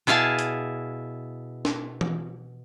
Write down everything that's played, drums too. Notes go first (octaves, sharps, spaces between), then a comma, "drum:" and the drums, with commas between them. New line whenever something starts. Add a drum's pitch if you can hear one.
B2 E4 G#4 F5 A5
drum: hi-hat
drum: snare
drum: tom E3